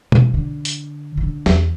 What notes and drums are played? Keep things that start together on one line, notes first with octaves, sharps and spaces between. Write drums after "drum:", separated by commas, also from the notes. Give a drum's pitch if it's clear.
E3, drum: tom B2
D3
drum: hi-hat
E3
D3
E2, drum: snare